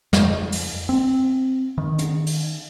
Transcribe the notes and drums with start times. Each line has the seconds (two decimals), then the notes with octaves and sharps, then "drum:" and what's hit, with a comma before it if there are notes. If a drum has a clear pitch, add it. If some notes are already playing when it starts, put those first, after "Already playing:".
0.13 F2, drum: snare
0.52 drum: open hi-hat
0.89 C4
1.78 D#3
1.99 drum: hi-hat
2.27 drum: open hi-hat